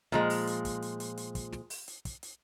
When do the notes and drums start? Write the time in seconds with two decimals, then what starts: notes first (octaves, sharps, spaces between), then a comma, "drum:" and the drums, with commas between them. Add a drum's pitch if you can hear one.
0.12 A#2 F3 G#3, drum: snare
0.30 drum: open hi-hat
0.47 drum: hi-hat
0.65 drum: kick, hi-hat
0.82 drum: hi-hat
1.00 drum: hi-hat
1.17 drum: hi-hat
1.35 drum: kick, hi-hat
1.53 drum: snare
1.70 drum: open hi-hat
1.88 drum: hi-hat
2.05 drum: kick, hi-hat
2.23 drum: hi-hat